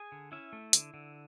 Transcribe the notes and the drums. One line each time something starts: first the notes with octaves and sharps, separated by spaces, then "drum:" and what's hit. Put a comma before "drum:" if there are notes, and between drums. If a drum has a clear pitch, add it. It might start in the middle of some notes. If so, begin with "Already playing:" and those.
Already playing: G#4 G#5
D3
C#4 E4 E5
A3
D3, drum: hi-hat
D3